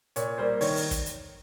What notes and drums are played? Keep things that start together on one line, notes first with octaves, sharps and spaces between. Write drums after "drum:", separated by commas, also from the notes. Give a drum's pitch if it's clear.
A#2 C#5, drum: hi-hat
G3 A#3 C5
D#3 C#5, drum: open hi-hat
drum: open hi-hat
drum: kick, hi-hat
drum: hi-hat